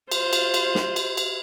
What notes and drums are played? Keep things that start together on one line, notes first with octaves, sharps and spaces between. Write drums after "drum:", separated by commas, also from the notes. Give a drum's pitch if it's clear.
F4 C5, drum: cymbal
drum: cymbal
drum: cymbal
drum: snare
drum: cymbal
drum: cymbal